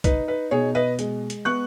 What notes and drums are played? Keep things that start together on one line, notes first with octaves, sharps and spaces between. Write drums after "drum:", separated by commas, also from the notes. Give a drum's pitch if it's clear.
D#4 B4, drum: kick, hi-hat
B4
B2 G#4 C#5
B4 D#5
G#3, drum: hi-hat
drum: hi-hat
B3 C#6 F#6